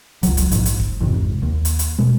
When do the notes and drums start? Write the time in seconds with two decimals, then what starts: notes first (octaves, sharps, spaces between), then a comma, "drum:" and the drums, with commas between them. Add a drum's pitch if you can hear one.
0.23 C#2 F#3, drum: kick, hi-hat
0.37 drum: kick, hi-hat
0.51 A#1 G#2, drum: hi-hat
0.65 drum: hi-hat
0.80 drum: kick
1.00 A1 F2 G#2 C3
1.43 D#2
1.65 drum: hi-hat
1.79 drum: hi-hat
1.98 B2 G#3